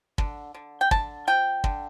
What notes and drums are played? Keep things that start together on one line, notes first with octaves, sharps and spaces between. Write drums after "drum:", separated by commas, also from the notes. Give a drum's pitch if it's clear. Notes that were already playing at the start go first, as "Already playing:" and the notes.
D3, drum: kick
D3
G5
D3 A5, drum: kick
F3 G5
D3, drum: kick